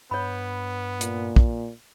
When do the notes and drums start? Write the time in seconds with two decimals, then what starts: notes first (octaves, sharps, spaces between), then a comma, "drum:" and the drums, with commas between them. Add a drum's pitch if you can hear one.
0.11 G2 B3 C#5 B5
1.01 A#2, drum: hi-hat
1.36 drum: kick